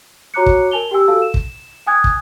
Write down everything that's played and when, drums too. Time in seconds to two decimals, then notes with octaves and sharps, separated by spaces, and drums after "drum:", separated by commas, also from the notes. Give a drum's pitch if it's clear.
0.34 F#4 C#5 A#5 D6 F#6 C#7
0.46 drum: kick
0.71 A#4 G#5 A5 F7 G7
0.91 G4 G5 G#5 E6
1.08 F#4 A4 F5 A5 E6
1.22 E7
1.34 drum: kick
1.87 G5 G#5 D#6 F#6 G#6
2.04 drum: kick